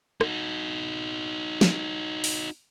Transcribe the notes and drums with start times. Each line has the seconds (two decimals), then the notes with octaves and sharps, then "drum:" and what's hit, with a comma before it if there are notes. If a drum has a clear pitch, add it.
0.21 D#4 F#4, drum: rim click
1.61 drum: snare
2.24 drum: open hi-hat